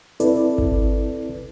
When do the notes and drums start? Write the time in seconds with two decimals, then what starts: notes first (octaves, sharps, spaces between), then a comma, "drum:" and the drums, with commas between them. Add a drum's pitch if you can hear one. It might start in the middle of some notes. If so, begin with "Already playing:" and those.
0.20 C4 E4 A4 B4 D5, drum: hi-hat
0.58 drum: kick G#1